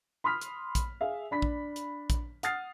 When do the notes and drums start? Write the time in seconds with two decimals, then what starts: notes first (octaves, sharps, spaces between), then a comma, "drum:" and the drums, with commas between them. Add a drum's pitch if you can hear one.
0.24 B5 C6 D#6 F6 B6
0.41 drum: hi-hat
0.75 drum: kick A#1, hi-hat
1.01 G#4 E5 F5
1.31 D4 B5 B6
1.42 drum: kick A#1
1.76 drum: hi-hat
2.10 drum: kick A#1, hi-hat
2.43 F#5 D#6 F6 A6 C7, drum: hi-hat